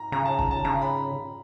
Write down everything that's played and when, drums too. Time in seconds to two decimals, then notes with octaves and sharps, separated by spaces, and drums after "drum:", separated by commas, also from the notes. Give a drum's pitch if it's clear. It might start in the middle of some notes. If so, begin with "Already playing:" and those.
Already playing: A#5
0.12 C#3 A#5
0.25 A5
0.39 A#5, drum: kick
0.51 A5
0.65 C#3 A#5
0.82 B5